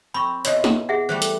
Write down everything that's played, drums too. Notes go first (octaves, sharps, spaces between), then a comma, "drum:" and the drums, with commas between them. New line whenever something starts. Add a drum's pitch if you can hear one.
C4 B5 C#6
B2 E4 C#5 D#5 C6, drum: hi-hat
drum: snare
G#4 E5 F#5
E3 G3 A3 C5
drum: hi-hat